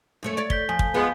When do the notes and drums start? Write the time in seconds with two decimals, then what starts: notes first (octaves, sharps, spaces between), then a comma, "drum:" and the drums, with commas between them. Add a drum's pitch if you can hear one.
0.23 F#2 A3 C#5
0.37 C#5 D5
0.50 G6 B6 G7, drum: kick
0.69 F3 G#5 B6
0.79 drum: kick
0.94 G#3 B3 F4